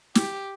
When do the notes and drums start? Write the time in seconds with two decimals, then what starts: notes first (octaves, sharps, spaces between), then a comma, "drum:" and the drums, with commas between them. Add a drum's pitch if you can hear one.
0.15 G4, drum: snare